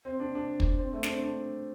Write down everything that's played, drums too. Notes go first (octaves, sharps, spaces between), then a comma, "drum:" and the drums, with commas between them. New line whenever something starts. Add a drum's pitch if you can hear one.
C4
D4
D4
drum: kick
C4
A3
D4, drum: snare
C4
D4